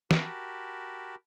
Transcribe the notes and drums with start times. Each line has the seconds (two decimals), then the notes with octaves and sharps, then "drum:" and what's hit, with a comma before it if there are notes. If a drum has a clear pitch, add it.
0.11 F#4 G4 A#4 A5 B5, drum: snare